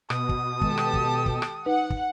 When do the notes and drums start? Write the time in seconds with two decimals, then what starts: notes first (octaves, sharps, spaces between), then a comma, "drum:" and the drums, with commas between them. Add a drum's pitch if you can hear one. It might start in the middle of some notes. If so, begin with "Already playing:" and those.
0.10 B2 D#6, drum: rim click
0.29 drum: kick
0.61 D#3 G#3 G4 A4 A5, drum: kick
0.78 drum: rim click
0.94 drum: kick
1.26 drum: kick
1.42 drum: rim click
1.66 D#4 B4 F#5
1.90 drum: kick